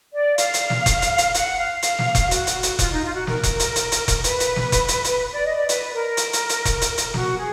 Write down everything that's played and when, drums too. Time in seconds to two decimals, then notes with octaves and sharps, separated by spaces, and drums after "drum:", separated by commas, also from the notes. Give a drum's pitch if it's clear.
0.13 D5
0.38 F5, drum: hi-hat
0.54 drum: hi-hat
0.70 drum: snare
0.86 drum: kick E1, hi-hat
1.02 drum: hi-hat
1.18 drum: hi-hat
1.34 F#5, drum: hi-hat
1.58 F5
1.82 drum: hi-hat
1.99 drum: snare
2.15 drum: kick E1, hi-hat
2.31 F#4, drum: hi-hat
2.47 drum: hi-hat
2.63 drum: hi-hat
2.79 F4, drum: kick E1, hi-hat
2.91 D#4
3.05 F4
3.15 F#4
3.27 A#4, drum: snare
3.43 drum: kick E1, hi-hat
3.60 drum: hi-hat
3.76 drum: hi-hat
3.92 drum: hi-hat
4.08 drum: kick E1, hi-hat
4.24 B4, drum: hi-hat
4.40 drum: hi-hat
4.56 drum: snare
4.72 drum: kick E1, hi-hat
4.88 drum: hi-hat
5.04 drum: hi-hat
5.32 D5
5.45 D#5
5.57 D5
5.69 B4, drum: hi-hat
5.93 A#4
6.17 drum: hi-hat
6.33 drum: hi-hat
6.49 drum: hi-hat
6.65 drum: kick E1, hi-hat
6.81 drum: hi-hat
6.98 drum: hi-hat
7.14 F#4, drum: snare
7.38 G#4